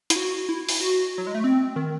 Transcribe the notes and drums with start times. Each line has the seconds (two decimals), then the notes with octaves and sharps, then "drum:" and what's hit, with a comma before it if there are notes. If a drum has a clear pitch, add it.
0.10 E4, drum: hi-hat
0.16 F#4
0.49 E4
0.69 drum: open hi-hat
0.80 F#4
1.18 F#3
1.27 G#3
1.35 A3
1.44 C4
1.76 D#3